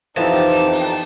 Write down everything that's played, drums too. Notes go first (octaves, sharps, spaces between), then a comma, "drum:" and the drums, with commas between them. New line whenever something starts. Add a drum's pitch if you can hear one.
F2 E3 F3 B3 D#4 G4 A5
drum: hi-hat
drum: open hi-hat